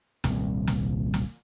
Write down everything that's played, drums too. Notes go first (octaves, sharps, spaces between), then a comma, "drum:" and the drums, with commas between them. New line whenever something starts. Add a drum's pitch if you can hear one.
D#1 C2, drum: snare
drum: snare
drum: snare